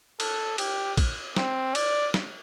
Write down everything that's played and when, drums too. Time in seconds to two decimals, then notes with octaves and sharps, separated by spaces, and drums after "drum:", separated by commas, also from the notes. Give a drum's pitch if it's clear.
0.20 A4, drum: cymbal
0.58 G4, drum: cymbal
0.97 drum: kick A#1, cymbal
1.36 C4, drum: snare
1.75 D5, drum: cymbal
2.14 drum: snare